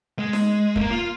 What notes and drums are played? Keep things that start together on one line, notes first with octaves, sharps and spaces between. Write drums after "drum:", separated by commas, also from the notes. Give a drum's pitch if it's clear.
G#3
drum: snare D#4
A#3, drum: kick
F4